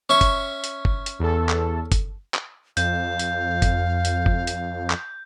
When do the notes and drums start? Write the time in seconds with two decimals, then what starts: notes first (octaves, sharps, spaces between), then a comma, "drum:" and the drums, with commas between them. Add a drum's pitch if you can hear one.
0.09 C#4 E5 C#6
0.21 drum: kick F#1, hi-hat
0.64 drum: hi-hat
0.85 drum: kick F#1
1.06 drum: hi-hat
1.19 E2 A4
1.49 drum: clap
1.92 drum: kick F#1, hi-hat
2.34 drum: clap
2.77 F2 F5 G6, drum: hi-hat
3.19 drum: hi-hat
3.62 drum: kick F#1, hi-hat
4.05 drum: hi-hat
4.26 drum: kick F#1
4.47 drum: hi-hat
4.90 drum: clap